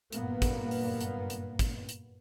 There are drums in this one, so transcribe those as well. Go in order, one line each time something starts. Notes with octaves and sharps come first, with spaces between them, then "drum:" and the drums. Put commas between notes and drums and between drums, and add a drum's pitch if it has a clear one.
F#1 G2 A#2 A#3 B3, drum: hi-hat
drum: kick, hi-hat
drum: open hi-hat
drum: hi-hat
drum: hi-hat
drum: kick, hi-hat
drum: hi-hat